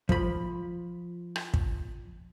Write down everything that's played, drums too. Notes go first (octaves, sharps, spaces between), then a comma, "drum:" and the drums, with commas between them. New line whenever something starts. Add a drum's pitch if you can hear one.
F3 B5, drum: kick
drum: rim click
drum: kick